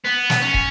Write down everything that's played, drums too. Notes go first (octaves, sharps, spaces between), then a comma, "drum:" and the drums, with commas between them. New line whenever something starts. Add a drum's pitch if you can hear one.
B3
drum: snare
C#4
drum: kick